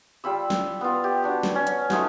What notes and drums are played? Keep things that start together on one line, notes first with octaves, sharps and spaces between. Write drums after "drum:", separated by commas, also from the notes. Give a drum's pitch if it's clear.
G3 F4 B5 E6
drum: snare
B3 F4
G4
D4 F#4
drum: snare
C#4
drum: hi-hat
A3 D#4 F4 F#4, drum: snare